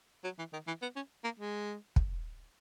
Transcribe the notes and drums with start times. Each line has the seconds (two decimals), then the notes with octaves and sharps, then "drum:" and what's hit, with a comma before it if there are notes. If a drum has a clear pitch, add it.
0.24 F#3
0.38 E3
0.53 D#3
0.67 E3
0.82 B3
0.96 C#4
1.24 A#3
1.39 G#3
1.96 drum: kick